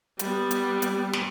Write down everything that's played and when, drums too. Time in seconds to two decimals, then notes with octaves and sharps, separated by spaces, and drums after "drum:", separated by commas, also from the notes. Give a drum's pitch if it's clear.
0.19 G3 B3, drum: hi-hat
0.51 drum: hi-hat
0.82 drum: hi-hat
1.13 drum: snare